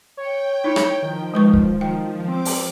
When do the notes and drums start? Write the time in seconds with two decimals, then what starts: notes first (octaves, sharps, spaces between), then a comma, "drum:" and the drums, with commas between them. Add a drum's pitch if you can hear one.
0.17 C#5 G5
0.64 D#4 E4 C#5
0.76 drum: rim click
1.02 D#3 F3
1.34 G#3 B4 C#6
1.53 drum: kick
1.81 D#3 G5
2.27 C4 D6
2.45 drum: open hi-hat